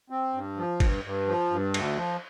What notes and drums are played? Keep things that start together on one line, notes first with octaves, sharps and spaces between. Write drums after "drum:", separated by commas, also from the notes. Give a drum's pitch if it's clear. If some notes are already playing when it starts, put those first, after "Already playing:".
C4
G2
F3
G2, drum: kick, cymbal
G2
F3
G2
D2, drum: cymbal
F3